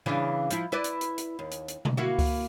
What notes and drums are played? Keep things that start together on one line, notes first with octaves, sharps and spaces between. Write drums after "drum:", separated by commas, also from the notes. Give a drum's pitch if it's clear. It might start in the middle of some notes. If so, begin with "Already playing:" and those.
C#3 E3 D4
F3 E4, drum: hi-hat
E4 B4 D5
drum: hi-hat
drum: hi-hat
drum: hi-hat
D#2
drum: hi-hat
drum: hi-hat
drum: tom B2
A#3 E4 F#4
drum: kick C#2, open hi-hat